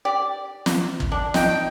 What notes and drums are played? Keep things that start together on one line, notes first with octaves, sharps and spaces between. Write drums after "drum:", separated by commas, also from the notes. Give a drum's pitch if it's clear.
G4 D5
drum: snare
drum: kick
D4
D#4 G5, drum: snare